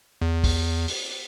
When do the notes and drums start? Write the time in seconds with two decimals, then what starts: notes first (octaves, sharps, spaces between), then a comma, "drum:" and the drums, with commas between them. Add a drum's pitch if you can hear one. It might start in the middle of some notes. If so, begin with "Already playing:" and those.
0.22 E2
0.44 drum: kick B1, open hi-hat
0.88 drum: open hi-hat